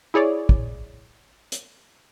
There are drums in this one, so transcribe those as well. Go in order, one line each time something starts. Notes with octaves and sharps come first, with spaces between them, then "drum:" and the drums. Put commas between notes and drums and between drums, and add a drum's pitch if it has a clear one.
E4 G#4 C#5 D5
drum: kick
drum: hi-hat